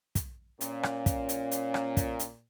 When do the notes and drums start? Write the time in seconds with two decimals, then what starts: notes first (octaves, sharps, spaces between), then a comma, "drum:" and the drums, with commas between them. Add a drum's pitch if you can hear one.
0.15 drum: kick, hi-hat
0.61 A#2 C#4, drum: hi-hat
0.83 drum: rim click
1.06 drum: kick, hi-hat
1.29 drum: hi-hat
1.51 drum: hi-hat
1.74 drum: rim click
1.97 drum: kick, hi-hat
2.19 drum: hi-hat